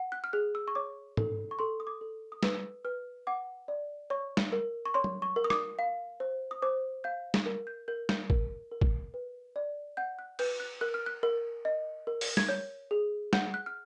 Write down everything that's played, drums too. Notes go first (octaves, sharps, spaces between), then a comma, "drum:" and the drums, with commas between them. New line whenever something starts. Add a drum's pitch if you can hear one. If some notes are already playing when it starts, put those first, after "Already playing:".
Already playing: F#5
F#6
F6
G#4 F#6
E6
C#6
C#5 D6
A4, drum: tom
C#6
A4 C6
D#6
D6
A4
D#6
B4 E6, drum: snare
B4 F6
F#5 D6
D5
C#5 C#6
drum: snare
A#4
C#6
C#5 C6
drum: tom F#3
C#6
A#4
D#6
D6, drum: rim click
F5
C5
D#6
C5 D6
F5 G6
drum: snare
A#4
G6
A#4 G6
G6, drum: snare
A#4, drum: kick
A#4
drum: kick
B4
D5
F#5 G6
F#6
B4 G6, drum: cymbal
F#6
A#4 F#6
F6
F#6
A#4
D#5
A#4
drum: open hi-hat
G#6, drum: snare
C#5 G6
G#4
F#5 G6, drum: snare
F#6
F6